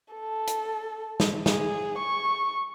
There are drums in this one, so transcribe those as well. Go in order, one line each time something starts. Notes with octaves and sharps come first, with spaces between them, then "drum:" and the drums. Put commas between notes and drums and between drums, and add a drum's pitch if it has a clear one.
A4
drum: hi-hat
drum: snare
G#4, drum: snare
C#6